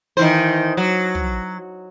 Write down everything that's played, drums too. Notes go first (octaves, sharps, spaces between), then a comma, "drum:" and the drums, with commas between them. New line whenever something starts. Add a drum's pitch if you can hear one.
D#3 E3 C5
F#3
drum: tom